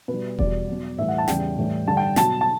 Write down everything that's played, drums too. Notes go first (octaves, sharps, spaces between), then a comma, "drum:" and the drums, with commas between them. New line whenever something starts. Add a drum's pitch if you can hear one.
B2 B4
G3
E2 B2 G3 D5, drum: kick E1
B2 F#3
A2 E3 G3 E5
F#5
A5
E2 C#3 E3 G3 G5, drum: snare
A2 E3 G3
G2 D3 G3 A5
G5
B2 F#3 A5, drum: snare
A5